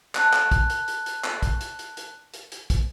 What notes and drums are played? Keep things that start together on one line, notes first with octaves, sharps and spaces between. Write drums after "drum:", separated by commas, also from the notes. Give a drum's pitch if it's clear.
A5 F#6, drum: clap
drum: clap
drum: kick, hi-hat
drum: hi-hat
drum: hi-hat
drum: hi-hat
drum: clap
drum: kick, hi-hat
drum: hi-hat
drum: hi-hat
drum: hi-hat
drum: hi-hat
drum: hi-hat
drum: kick, hi-hat